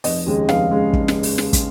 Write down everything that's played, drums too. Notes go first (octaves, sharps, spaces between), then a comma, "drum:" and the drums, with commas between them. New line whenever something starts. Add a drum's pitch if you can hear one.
F1 D#5, drum: open hi-hat
D#2 C#3 G#3
F1 F5, drum: snare
C#3 G#3
drum: kick
drum: snare
drum: open hi-hat
drum: snare
drum: kick, hi-hat